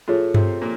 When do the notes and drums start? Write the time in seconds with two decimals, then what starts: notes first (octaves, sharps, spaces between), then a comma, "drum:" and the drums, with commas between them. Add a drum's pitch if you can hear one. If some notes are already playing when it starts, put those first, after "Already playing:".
0.08 A2 A3 F4 G#4 C#5
0.34 C3 C4, drum: tom G2
0.62 A#2 A#3